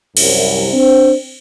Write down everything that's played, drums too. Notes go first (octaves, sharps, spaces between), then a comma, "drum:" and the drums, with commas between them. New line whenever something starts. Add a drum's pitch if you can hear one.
C2 F#2, drum: cymbal
C4 D4